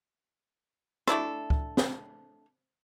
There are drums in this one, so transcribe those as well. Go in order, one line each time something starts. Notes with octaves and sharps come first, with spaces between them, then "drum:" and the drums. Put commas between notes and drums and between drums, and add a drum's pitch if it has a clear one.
A3 D4 E4 A4, drum: rim click
drum: kick C#2
drum: snare